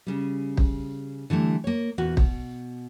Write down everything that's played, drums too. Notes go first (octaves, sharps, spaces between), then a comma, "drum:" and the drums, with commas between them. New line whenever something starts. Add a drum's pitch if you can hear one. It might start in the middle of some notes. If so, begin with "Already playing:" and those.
C#3 G3
drum: kick
D3 E3 G3 A3
A#3 C#5
E2 A#2 F#4
B2, drum: kick